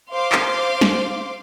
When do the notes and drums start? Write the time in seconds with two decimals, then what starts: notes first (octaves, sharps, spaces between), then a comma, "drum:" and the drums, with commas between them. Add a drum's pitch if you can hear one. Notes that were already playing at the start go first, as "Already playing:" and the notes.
0.12 C5 F5 C6 D6
0.32 drum: clap
0.81 drum: snare